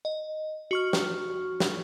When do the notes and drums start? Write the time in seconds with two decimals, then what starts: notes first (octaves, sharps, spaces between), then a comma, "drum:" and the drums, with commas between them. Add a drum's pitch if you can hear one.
0.05 D#5
0.71 F#4 C#6 F6
0.93 drum: snare
1.60 drum: snare